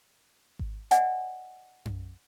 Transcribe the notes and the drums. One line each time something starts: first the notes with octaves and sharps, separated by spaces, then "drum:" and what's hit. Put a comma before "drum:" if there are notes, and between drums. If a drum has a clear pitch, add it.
drum: kick G#1
D5 D#5 F#5 G#5, drum: hi-hat
drum: tom F#2